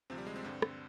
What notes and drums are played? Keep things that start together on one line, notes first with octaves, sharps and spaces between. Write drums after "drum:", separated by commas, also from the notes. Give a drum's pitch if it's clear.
D2 C3 F3 C4
G3
G#3
C4
G2 D3 G3
drum: rim click